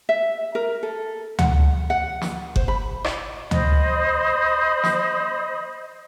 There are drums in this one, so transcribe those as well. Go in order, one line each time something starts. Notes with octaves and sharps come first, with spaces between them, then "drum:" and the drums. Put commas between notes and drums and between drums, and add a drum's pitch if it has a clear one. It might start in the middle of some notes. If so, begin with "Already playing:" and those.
E5
A#4
A4
F#5, drum: tom D2
F#5
drum: snare
C5, drum: kick F#1
B5
drum: rim click
C5 D#5 B5 D#6, drum: tom D2
drum: snare